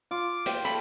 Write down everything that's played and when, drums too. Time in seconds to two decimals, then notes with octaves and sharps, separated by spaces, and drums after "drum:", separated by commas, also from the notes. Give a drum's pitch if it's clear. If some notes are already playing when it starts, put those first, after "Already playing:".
0.11 F4 D6
0.46 G5, drum: hi-hat
0.65 A4 B5, drum: hi-hat